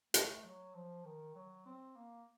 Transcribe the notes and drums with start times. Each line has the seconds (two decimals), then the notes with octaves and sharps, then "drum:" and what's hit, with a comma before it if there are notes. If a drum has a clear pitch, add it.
0.14 A3, drum: hi-hat
0.44 F#3
0.75 F3
1.05 D#3
1.35 F#3
1.66 C4
1.96 A#3